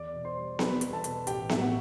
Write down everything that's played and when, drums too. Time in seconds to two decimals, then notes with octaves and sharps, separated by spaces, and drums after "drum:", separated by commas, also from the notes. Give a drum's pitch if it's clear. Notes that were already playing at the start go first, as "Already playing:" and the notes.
Already playing: E2 D5 D6
0.14 B2
0.25 C5 C6
0.36 G3
0.59 G3 B4 B5, drum: snare B3
0.81 E2, drum: hi-hat
0.92 A4 A5
1.04 B2, drum: hi-hat
1.27 A1 G4 G5, drum: hi-hat
1.49 A2 E5, drum: snare B3
1.61 F#4 F#5